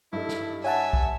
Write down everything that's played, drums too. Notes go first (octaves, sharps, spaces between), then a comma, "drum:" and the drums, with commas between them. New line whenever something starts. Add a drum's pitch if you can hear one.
G2 D#4 E4 A4
drum: snare
C#5 E5 F#5 G#5 A5
drum: kick B1